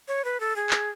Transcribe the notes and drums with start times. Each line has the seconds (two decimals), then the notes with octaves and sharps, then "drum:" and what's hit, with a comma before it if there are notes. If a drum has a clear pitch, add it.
0.08 C#5
0.25 B4
0.40 A4
0.56 G#4
0.70 drum: clap